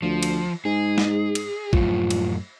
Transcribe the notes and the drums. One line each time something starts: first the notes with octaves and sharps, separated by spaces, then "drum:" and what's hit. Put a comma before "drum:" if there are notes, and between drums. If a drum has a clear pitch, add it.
D2 F3
drum: cymbal
G#2 G#4
drum: snare
drum: cymbal
F#2 A2 F3, drum: kick A#1
drum: cymbal